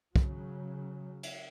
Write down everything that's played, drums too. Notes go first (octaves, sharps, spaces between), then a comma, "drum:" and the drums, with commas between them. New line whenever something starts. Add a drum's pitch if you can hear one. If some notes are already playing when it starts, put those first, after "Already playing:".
C#3 F#3, drum: kick
drum: cymbal